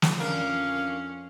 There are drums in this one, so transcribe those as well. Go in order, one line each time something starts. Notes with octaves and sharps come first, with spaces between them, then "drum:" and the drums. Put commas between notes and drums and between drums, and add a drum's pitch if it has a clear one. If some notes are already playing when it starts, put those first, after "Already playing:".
drum: snare
F2 C#4 D4 A#4 F5